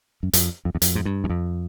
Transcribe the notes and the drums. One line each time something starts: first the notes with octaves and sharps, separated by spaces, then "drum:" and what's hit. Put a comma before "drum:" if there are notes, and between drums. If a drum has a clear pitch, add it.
F#2
F2, drum: hi-hat
F2
E2
F2, drum: hi-hat
G#2
G2
E2
F2